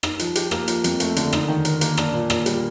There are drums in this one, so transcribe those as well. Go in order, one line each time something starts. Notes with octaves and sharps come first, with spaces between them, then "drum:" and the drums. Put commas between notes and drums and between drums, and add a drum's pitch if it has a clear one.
D#4, drum: rim click
F3, drum: hi-hat
G4, drum: hi-hat
A#3, drum: rim click
F3, drum: hi-hat
F2, drum: hi-hat
A3, drum: hi-hat
D3, drum: hi-hat
D#4, drum: rim click
D#3
A#4, drum: hi-hat
A#3, drum: hi-hat
D4, drum: rim click
A#2
A#2, drum: rim click
G3, drum: hi-hat